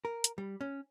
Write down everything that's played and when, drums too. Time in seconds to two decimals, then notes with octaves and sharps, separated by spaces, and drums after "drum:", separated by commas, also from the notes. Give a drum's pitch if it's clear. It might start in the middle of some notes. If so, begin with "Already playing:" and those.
0.05 A#4
0.24 drum: hi-hat
0.38 G3
0.61 C#4